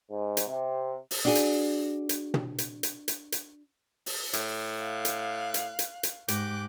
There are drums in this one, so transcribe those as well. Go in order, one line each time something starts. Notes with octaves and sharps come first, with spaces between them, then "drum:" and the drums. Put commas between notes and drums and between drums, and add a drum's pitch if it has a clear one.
G#2
drum: hi-hat
C3
drum: open hi-hat
D4 F#4 G#4
drum: hi-hat
drum: hi-hat
drum: tom
drum: hi-hat
drum: hi-hat
drum: hi-hat
drum: hi-hat
drum: open hi-hat
A2, drum: hi-hat
F5 F#6
drum: hi-hat
drum: hi-hat
drum: hi-hat
drum: hi-hat
G#2 G4 D6 F#6, drum: hi-hat